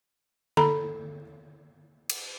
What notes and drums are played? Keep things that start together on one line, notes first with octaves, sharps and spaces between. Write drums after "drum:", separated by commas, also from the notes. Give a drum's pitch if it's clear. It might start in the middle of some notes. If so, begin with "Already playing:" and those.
A4 A#5 B5, drum: tom D3
drum: cymbal